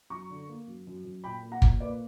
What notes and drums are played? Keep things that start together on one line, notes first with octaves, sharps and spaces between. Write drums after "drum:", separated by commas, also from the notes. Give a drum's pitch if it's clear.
F#2 A#5 C#6
D3
A#3
F#2
F#2
F#2
A#2 G5 B5
A#3
F#5 A#5
A#2, drum: kick
A#3 B4 D5